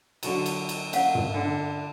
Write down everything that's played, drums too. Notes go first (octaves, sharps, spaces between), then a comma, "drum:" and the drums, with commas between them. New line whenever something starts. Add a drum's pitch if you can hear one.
D3 F#3, drum: cymbal
drum: cymbal
drum: cymbal
C#4 F5 F#5, drum: cymbal
drum: tom
D3